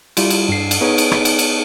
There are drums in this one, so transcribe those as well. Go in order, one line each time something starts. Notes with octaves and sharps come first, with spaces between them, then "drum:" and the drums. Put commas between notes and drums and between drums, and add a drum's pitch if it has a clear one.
G3 E4 F4, drum: cymbal
drum: cymbal
G2 C7
drum: cymbal
B3 D#4 G#4 B4 C#5
drum: cymbal
drum: rim click
drum: cymbal
drum: cymbal